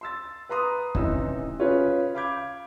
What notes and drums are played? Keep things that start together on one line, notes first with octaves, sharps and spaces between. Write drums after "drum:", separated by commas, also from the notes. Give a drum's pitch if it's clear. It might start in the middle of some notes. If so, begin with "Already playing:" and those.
C6 E6 A6
B4 A#5 C6 D#6
A1 C3 E3 D#4 E6, drum: kick
C#4 F4 G#4 B4 C#5
F5 B5 D6 G6 G#6 D7